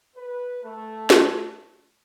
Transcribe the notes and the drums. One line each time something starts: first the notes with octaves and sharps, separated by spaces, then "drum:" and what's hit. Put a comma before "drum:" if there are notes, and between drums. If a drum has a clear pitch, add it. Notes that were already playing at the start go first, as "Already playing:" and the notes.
B4
A3
drum: snare